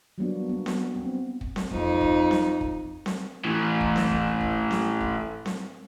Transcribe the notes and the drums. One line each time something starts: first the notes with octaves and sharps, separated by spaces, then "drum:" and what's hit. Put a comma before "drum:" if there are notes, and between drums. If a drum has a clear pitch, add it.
F#3 G3 A#3 B3 D4 F#4
B3
drum: snare C4
C4
drum: kick
drum: snare C4
F2 D#4, drum: kick
drum: kick
drum: snare C4
drum: kick
drum: snare C4
A2 E3
drum: kick
drum: snare C4
drum: kick
drum: kick
drum: snare C4
drum: kick
drum: snare C4